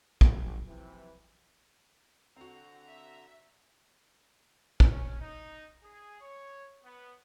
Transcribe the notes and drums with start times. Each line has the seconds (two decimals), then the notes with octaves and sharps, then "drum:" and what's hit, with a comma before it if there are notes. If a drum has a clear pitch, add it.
0.21 G#1 F3 F#3, drum: kick
0.67 C3 E3
2.36 D3 C4 F#4 A#5
2.88 E5
4.80 C#4, drum: kick
5.20 D#4
5.84 G#4
6.20 C#5
6.84 B3